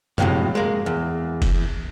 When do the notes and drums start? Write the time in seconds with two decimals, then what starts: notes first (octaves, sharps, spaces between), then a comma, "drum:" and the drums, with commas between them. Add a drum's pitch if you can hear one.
0.18 F2 A2 C3 D#3 F#3 G#3, drum: tom F#2
0.55 G#3 A#3
0.86 E2
1.42 drum: kick, cymbal